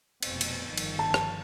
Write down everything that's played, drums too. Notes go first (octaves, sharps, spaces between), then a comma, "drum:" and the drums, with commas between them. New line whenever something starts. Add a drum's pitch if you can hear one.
F1 B2 C4, drum: cymbal
drum: cymbal
G1 D#3 F3
drum: cymbal
A5
drum: rim click